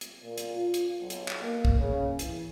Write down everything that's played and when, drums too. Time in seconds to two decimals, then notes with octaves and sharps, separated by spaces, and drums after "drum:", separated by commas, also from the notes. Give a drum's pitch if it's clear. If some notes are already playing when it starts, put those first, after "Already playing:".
0.01 drum: hi-hat
0.23 A#2
0.38 drum: hi-hat
0.55 F4
0.74 drum: hi-hat
0.99 B1
1.10 drum: hi-hat
1.28 drum: clap
1.41 A#3
1.65 drum: kick
1.77 C#3
2.19 E3, drum: hi-hat